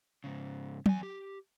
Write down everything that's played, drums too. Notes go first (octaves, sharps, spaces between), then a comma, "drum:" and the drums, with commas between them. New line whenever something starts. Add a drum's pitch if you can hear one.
G#2 C#3
E2 G#5, drum: tom
G4